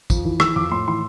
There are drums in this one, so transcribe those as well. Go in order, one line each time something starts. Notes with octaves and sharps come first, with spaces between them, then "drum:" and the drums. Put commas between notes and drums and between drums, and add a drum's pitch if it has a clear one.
F2, drum: kick, tambourine
E3
E3 E6, drum: rim click
F2 D6
A2 C6
E3 C6